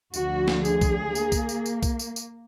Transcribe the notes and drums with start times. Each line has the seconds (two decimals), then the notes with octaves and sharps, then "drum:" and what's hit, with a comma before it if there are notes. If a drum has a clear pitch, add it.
0.14 D2 D3 F3 F#4, drum: tambourine
0.48 drum: snare
0.65 G#4, drum: tambourine
0.81 drum: kick B1, tambourine
1.15 A#3, drum: tambourine
1.32 drum: kick B1, tambourine
1.49 drum: tambourine
1.66 drum: tambourine
1.83 drum: kick B1, tambourine
1.99 drum: tambourine
2.16 drum: tambourine